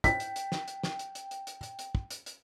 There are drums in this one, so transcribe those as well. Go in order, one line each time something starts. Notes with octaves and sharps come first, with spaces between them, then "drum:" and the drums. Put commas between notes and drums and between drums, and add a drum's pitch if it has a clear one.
G5 B6, drum: kick, hi-hat
drum: hi-hat
drum: hi-hat
drum: snare
drum: hi-hat
drum: snare
drum: hi-hat
drum: hi-hat
drum: hi-hat
drum: hi-hat
drum: hi-hat
drum: hi-hat
drum: kick
drum: hi-hat
drum: hi-hat